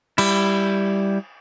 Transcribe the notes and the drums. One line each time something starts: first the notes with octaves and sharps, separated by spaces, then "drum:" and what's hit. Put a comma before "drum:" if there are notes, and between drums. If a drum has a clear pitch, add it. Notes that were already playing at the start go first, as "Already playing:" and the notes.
G3 E4, drum: cymbal